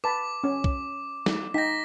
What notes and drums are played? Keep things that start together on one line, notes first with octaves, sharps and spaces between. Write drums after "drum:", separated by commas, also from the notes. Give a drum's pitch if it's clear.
B4 A5 B5 D6
C#4 C#5
drum: kick
drum: snare
D#4 G5 A#6 B6